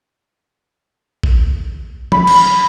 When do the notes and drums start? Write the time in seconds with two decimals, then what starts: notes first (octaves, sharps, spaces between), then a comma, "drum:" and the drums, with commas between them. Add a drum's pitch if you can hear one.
1.23 drum: kick A1
2.12 B5, drum: tom F3
2.27 drum: cymbal